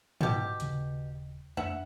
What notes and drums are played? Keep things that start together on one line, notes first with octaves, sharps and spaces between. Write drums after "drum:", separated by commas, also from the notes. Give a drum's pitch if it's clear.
B2 G4, drum: tom
D#1 C#3, drum: hi-hat
F2 A3 D4 E5 F#5